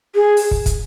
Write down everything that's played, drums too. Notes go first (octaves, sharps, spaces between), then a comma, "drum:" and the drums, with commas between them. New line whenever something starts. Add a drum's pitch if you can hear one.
G#4
drum: open hi-hat
drum: kick
drum: kick, hi-hat